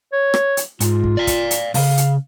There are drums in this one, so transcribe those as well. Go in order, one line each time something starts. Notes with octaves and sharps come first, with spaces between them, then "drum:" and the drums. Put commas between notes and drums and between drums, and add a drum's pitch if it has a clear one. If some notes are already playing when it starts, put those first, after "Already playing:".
C#5
drum: rim click
drum: hi-hat
G#2 F4, drum: hi-hat
drum: kick
D5 F5
drum: kick, hi-hat
drum: hi-hat
C2 C#3 F5, drum: open hi-hat
drum: hi-hat